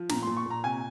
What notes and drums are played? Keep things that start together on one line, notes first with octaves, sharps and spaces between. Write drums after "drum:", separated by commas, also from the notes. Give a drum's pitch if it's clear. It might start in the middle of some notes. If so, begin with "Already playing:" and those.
Already playing: F3
A#2 A#5, drum: snare
A#2 C6
C#6
A#2 A#5
C3 G#5